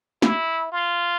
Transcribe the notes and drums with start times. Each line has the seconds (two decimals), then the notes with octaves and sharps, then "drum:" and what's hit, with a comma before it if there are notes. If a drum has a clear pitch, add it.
0.22 E4, drum: snare
0.72 F4